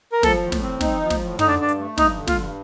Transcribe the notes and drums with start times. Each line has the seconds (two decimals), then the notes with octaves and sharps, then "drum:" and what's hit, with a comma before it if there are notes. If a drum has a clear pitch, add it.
0.12 A#4
0.23 F3 A4, drum: snare
0.43 A2
0.52 drum: snare
0.61 C4
0.81 D#4, drum: snare
1.01 F3
1.10 drum: snare
1.20 A2
1.39 D3 D#4, drum: tom
1.47 D4
1.58 G2 D4
1.69 drum: hi-hat
1.78 A3
1.98 G2 D#4, drum: snare
2.18 D3
2.27 F4, drum: snare
2.37 G2